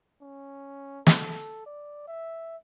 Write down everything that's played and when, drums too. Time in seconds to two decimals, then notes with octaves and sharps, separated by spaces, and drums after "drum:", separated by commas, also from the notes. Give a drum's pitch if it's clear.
0.21 C#4
1.07 A4, drum: snare
1.66 D5
2.07 E5